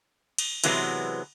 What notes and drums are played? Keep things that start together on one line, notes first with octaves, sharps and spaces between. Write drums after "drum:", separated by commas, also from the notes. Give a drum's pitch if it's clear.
drum: cymbal
C3 E3 F#3 G#3 A3 B3, drum: cymbal